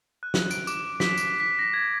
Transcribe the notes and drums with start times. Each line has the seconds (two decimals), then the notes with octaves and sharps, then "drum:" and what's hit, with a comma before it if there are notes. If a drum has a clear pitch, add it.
0.23 F#6
0.34 drum: snare
0.51 D7, drum: tambourine
0.67 D6, drum: tambourine
1.00 B6, drum: snare
1.17 drum: tambourine
1.40 B6
1.59 A#6
1.74 G#6